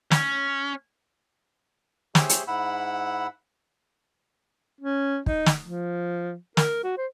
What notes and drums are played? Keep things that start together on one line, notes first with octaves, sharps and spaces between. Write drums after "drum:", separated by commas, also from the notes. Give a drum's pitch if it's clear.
C#4, drum: snare
G4 G#4 C5 C#5 E5, drum: snare
drum: hi-hat
G#2 E4 F#5 B5 E6
C#4
D#4, drum: kick
drum: snare
F3
A#4, drum: snare
F#4
C5